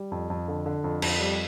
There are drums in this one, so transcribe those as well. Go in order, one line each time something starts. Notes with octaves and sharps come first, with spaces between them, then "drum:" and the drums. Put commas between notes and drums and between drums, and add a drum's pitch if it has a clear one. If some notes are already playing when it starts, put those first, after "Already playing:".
Already playing: G3
F2
F2
D3
D3
F2
F2, drum: cymbal
G3